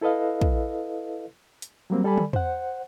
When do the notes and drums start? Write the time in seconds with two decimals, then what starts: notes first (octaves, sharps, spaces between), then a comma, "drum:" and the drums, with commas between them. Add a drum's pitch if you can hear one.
0.01 E4 A4 B4 D#5 F5
0.41 drum: kick
1.62 drum: hi-hat
1.90 F#3 G3 A#3 C4
2.04 G3 A4 D5 G#5 B5
2.17 drum: tom
2.33 C5 F#5, drum: tom E2